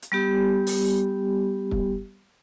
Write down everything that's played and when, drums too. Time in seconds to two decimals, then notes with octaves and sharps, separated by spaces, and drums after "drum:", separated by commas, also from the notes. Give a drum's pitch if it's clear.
0.02 drum: hi-hat
0.12 G3 B3 G4
0.67 drum: open hi-hat
1.71 drum: kick